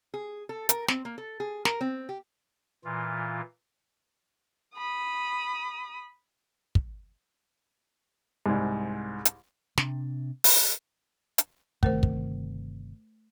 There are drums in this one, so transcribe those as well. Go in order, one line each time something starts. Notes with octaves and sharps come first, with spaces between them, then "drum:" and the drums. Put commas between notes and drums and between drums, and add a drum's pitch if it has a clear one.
G#4
A4
A#4, drum: hi-hat
C4, drum: snare
A#3
A4
G#4
A#4, drum: snare
C4
G4
A#2 E3 F4
B5 D#6
drum: kick
C2 G#2
drum: hi-hat
C3 D4, drum: snare
drum: open hi-hat
drum: hi-hat
G1 C3 D#3 A3 A#4 C5, drum: kick
drum: kick